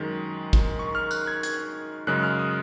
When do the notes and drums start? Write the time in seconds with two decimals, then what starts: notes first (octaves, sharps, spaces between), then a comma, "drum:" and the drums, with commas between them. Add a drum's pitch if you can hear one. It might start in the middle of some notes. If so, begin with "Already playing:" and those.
Already playing: F#2 D#3 G#3
0.53 drum: kick
0.79 C#6
0.95 F6
1.11 F#6, drum: tambourine
1.27 G#6
1.43 G#6, drum: hi-hat
2.07 F#2 C#3 G#3 F#6
2.23 F6
2.39 D#6